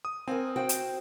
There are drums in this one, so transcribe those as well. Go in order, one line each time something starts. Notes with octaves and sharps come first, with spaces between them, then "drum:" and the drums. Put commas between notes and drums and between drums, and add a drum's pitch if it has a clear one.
D#6
C4 A#4 D#5 G#5
F#4 C5 G5
drum: hi-hat